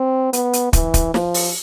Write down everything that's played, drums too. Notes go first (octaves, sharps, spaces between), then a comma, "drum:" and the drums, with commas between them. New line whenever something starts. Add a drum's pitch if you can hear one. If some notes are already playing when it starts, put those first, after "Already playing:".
Already playing: C4
B3, drum: hi-hat
drum: hi-hat
E3, drum: kick, hi-hat
drum: kick, hi-hat
F3, drum: snare
drum: open hi-hat